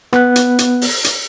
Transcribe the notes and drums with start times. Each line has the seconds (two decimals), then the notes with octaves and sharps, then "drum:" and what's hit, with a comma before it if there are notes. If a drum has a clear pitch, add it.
0.13 B3 F#6, drum: rim click
0.36 drum: hi-hat
0.59 drum: hi-hat
0.81 drum: open hi-hat
1.04 drum: hi-hat